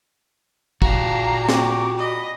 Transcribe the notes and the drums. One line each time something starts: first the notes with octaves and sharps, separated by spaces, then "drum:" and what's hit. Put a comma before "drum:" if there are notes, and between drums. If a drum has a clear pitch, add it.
A#2 F#4 G4 F5 A5 A#5, drum: kick
G5 C#6 D6, drum: snare
D#5 B5